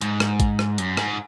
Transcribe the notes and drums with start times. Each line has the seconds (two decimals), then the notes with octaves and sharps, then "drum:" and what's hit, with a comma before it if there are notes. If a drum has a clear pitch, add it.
0.01 G#2, drum: hi-hat
0.20 drum: rim click
0.40 drum: kick A1, hi-hat
0.59 drum: rim click
0.78 F#2, drum: hi-hat
0.97 G#2, drum: rim click